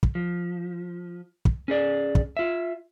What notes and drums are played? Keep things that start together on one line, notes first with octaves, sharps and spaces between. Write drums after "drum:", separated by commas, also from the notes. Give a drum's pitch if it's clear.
drum: kick
F3
drum: kick
C#4 G#4 D5
drum: kick
F4 E5